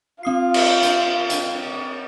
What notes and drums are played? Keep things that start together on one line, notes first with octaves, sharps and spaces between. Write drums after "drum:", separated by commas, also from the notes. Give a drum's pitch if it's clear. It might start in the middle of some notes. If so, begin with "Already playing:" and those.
C4 F4 D#6 C7
drum: cymbal
drum: hi-hat
drum: hi-hat